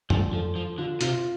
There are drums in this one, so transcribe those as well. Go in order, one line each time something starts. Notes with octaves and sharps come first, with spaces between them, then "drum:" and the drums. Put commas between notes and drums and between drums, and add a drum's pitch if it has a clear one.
F3 D4, drum: tom F2
F3 A4
F3
D3 F4
C3 F4, drum: hi-hat